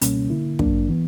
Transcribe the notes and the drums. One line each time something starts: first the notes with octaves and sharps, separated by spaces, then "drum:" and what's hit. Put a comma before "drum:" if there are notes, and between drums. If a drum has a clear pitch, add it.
C#2 B2 G3 A#3 C#4, drum: hi-hat
D3 A#3 E4
G2 F#3 A#3 D4, drum: kick
E3 B3